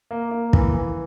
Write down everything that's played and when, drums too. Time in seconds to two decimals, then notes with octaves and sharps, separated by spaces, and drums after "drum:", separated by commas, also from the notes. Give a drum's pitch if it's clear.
0.11 A#3
0.31 A#3
0.53 E3, drum: kick
0.74 E3